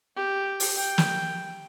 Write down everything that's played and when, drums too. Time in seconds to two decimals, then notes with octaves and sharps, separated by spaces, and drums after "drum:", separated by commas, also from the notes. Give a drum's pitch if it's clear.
0.17 G4
0.60 drum: open hi-hat
0.77 G5
0.98 drum: snare